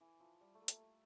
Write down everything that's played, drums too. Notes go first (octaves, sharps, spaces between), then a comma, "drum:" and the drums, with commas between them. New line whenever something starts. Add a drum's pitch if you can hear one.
E3
F3
G3
A3
A#3
A3, drum: hi-hat